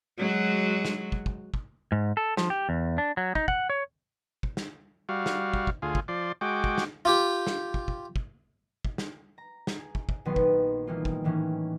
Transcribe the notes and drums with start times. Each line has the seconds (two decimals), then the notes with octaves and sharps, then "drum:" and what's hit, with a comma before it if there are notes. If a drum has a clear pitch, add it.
0.18 F#3 G#3 F#4
0.85 drum: snare
1.12 drum: kick
1.26 drum: kick
1.54 drum: kick
1.92 G#2
2.17 A4
2.37 F3, drum: snare
2.50 G4
2.69 E2
2.98 D4
3.17 F#3
3.35 D#4, drum: kick
3.48 F#5, drum: kick
3.70 C#5
4.43 drum: kick
4.57 drum: snare
5.09 G3 F#4 F5
5.26 drum: snare
5.54 drum: kick
5.67 drum: kick
5.82 D2 F4 G#4
5.95 drum: kick
6.08 F3 D5 C6
6.41 G#3 F#4 G5 D6
6.64 drum: kick
6.78 drum: snare
7.05 F4 G4 G5
7.47 drum: snare
7.74 drum: kick
7.88 drum: kick
8.16 drum: kick
8.85 drum: kick
8.98 drum: snare
9.38 A#5
9.67 drum: snare
9.79 G#4
9.95 drum: kick
10.09 drum: kick
10.25 A#1 D#3 F#3 B3 B4 C6
10.36 drum: kick
10.87 E3 G3 G#3 A#3 D#4 F4
11.05 drum: kick
11.24 A2 D#3 E3 A#3 C#4 D4